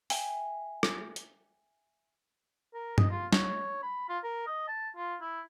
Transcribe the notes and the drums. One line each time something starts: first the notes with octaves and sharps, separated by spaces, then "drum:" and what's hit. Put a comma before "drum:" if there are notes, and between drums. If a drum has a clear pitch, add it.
E5 G5 G#5, drum: open hi-hat
drum: rim click
drum: hi-hat
A#4
D#5, drum: tom G2
F4
C#5, drum: snare
B5
F4
A#4
D#5
A5
F4
E4